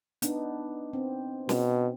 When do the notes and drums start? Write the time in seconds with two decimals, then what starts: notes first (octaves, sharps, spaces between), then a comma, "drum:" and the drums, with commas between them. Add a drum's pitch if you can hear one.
0.22 B3 D4 D#4, drum: hi-hat
0.93 C4
1.49 B2, drum: snare